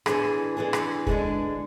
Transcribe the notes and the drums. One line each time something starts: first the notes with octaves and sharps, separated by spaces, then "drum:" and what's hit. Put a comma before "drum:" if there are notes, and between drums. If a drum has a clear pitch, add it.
E3 B3 D4 G#4, drum: rim click
E3 B3 D4 G#4
drum: rim click
D3 G#3 D4 G#4, drum: kick